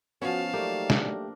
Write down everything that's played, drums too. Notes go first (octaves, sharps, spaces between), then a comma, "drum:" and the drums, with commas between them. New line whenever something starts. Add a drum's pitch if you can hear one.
F3 B3 C#4 F#4 C#5 F5 A5
F#3 A3 A#3 D#4 G4 D5 G5
D4 A#4, drum: snare